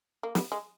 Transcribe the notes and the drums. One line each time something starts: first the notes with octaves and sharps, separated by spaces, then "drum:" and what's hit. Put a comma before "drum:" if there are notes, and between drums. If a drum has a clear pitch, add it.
A#3
B3, drum: snare
G#3